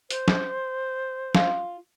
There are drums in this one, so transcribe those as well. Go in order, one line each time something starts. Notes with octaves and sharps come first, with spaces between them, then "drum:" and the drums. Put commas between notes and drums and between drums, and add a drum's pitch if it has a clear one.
C5, drum: hi-hat
drum: snare
F4, drum: snare